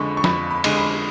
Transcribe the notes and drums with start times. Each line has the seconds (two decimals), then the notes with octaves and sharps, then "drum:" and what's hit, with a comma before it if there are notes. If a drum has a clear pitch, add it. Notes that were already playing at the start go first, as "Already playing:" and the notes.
Already playing: F2 D3 G#3 B5 C#6
0.17 C#6
0.24 F2 B5, drum: snare
0.51 B5
0.64 D3 G#3, drum: cymbal
0.77 B5